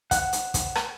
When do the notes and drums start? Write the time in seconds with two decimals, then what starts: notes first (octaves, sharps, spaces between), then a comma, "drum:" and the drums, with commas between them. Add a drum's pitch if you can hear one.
0.11 F#5, drum: kick, hi-hat
0.33 drum: hi-hat
0.54 drum: kick, hi-hat
0.75 drum: rim click